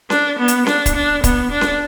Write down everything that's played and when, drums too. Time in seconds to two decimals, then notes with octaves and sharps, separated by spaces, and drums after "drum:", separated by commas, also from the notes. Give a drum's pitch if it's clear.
0.10 D4, drum: snare C#4
0.39 B3
0.48 drum: hi-hat
0.67 D4, drum: snare C#4
0.86 drum: kick, hi-hat
0.95 D4
1.24 B3, drum: kick, hi-hat
1.51 D4
1.61 drum: snare C#4